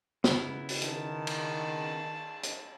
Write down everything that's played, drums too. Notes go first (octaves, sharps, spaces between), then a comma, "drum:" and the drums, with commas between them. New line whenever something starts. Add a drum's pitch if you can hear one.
C#3 B3 E4, drum: snare
drum: open hi-hat
D#3 A5, drum: hi-hat
drum: cymbal
drum: hi-hat